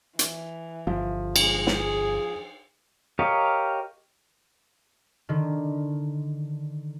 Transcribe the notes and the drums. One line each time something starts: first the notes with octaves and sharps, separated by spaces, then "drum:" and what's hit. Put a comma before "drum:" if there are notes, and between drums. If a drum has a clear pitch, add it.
E3, drum: hi-hat
G1 F3
G#3, drum: cymbal
drum: snare
G#4
G4 A#4 C#5 D#5 F5
D3 D#3